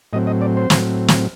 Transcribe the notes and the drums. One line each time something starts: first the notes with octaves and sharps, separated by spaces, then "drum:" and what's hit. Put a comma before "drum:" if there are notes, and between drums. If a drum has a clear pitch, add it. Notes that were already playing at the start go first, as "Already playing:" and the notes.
A2 F#3 C4 D#5
D#5
D5
C5
A2 F#3 C4, drum: snare
drum: snare